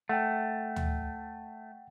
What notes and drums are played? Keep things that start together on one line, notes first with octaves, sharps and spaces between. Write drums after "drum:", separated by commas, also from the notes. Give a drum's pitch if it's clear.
A3 F#5 G5
drum: tom D2